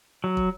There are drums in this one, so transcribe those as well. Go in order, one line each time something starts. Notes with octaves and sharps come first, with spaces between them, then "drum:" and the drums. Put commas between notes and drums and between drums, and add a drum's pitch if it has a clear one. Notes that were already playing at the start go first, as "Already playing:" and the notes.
F#3
drum: kick